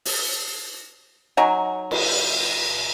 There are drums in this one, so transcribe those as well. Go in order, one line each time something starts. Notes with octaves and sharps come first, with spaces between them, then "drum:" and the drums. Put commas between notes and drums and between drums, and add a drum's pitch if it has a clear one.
drum: open hi-hat
F#3 D#4 G#5
drum: cymbal